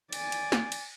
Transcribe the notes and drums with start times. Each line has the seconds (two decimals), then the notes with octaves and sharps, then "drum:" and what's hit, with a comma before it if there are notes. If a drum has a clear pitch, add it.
0.13 D5 G#5, drum: cymbal
0.32 drum: cymbal
0.52 drum: snare
0.72 drum: cymbal